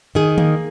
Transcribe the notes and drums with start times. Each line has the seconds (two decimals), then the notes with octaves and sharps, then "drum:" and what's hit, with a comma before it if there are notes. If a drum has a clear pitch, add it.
0.15 D#3 G#4
0.38 A#3, drum: tom D#3